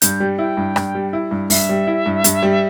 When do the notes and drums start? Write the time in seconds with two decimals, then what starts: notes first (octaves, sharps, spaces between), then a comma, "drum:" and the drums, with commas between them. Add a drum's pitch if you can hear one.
0.02 G2 G6, drum: hi-hat
0.20 G3
0.39 E4 G5
0.57 G2
0.76 G2, drum: rim click
0.95 G3
1.13 E4
1.31 G2
1.50 G2 E5, drum: open hi-hat
1.69 G3
1.87 E4
2.06 G2
2.24 G2, drum: hi-hat
2.43 G3